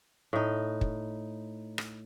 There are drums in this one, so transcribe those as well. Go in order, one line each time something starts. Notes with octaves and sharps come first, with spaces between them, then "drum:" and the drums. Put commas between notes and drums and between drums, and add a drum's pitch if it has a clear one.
A2 D#4
drum: kick
drum: rim click